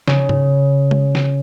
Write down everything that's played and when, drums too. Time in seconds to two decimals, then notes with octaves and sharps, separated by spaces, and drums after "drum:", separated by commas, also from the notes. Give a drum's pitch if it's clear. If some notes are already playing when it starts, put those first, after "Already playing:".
0.08 C#3, drum: snare
0.29 drum: tom
0.91 drum: tom G#3
1.15 drum: snare